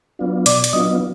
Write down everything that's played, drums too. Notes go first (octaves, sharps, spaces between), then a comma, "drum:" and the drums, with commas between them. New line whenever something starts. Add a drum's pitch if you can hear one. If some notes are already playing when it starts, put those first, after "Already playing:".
F#3 B3 D4 F4
B2 D5 D6, drum: hi-hat
drum: hi-hat
F#3 B3 D4 F4 D#5 D#6